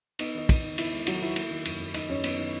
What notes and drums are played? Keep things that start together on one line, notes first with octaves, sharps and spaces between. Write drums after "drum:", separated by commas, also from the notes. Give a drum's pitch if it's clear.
B3 D#4, drum: cymbal
D#3 D#4
E2, drum: kick, cymbal
D#3
E2 E4, drum: cymbal
G#3
D#3 F#3 F#4, drum: cymbal
B3 E4
A#3, drum: cymbal
D#3
F#2, drum: cymbal
F#2
F#2 D#4 D#5, drum: cymbal
F#2 C#4 C#5
F#2 B3 B4, drum: cymbal
D#3